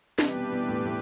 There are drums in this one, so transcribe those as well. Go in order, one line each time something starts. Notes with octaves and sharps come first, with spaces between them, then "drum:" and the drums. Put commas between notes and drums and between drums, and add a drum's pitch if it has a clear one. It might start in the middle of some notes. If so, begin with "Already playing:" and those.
C3 E3 G3 D4 G4 B4, drum: snare
B2
B2
A2
A2